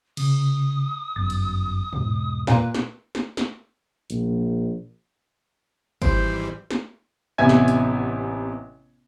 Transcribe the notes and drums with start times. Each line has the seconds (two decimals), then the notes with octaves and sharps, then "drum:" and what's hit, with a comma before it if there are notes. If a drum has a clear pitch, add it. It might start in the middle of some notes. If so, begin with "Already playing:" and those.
0.17 C#3 D#6, drum: cymbal
1.16 G1 F#2 A6
1.30 drum: cymbal
1.93 E1 G#2, drum: tom
2.47 A#2 B4, drum: snare
2.74 drum: snare
3.15 drum: snare
3.37 drum: snare
4.10 A#1, drum: hi-hat
6.02 G#1 E3 G3 C5, drum: kick G1
6.71 drum: snare
7.38 A1 C3 B3 E5 G#5 G#6
7.49 drum: snare
7.68 drum: hi-hat